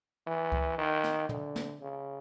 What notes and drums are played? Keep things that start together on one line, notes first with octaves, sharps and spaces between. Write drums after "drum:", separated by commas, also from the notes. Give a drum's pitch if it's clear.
E3
drum: kick C#2
D#3
drum: snare
D3, drum: tom
drum: snare
C#3